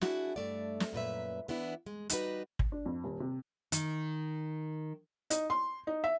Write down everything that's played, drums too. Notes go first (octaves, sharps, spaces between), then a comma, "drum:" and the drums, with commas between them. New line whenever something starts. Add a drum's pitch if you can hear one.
D4 E4 F#4 G#4, drum: snare
G2 A3 D5
drum: snare
F#2 A#2 B4 E5
E3 B3 D4 E4
G#3
G3 D#4 F#4 B4, drum: hi-hat
drum: kick
D4
F2
D#1
C3
D#3, drum: hi-hat
D#4, drum: hi-hat
C6
D#4
E5